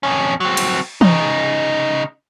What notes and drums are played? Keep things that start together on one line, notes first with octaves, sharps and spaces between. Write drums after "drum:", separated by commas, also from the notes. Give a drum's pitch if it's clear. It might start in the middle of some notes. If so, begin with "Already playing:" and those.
F2 C#4
F#3 C4
drum: cymbal
C#3 D#4, drum: tom E3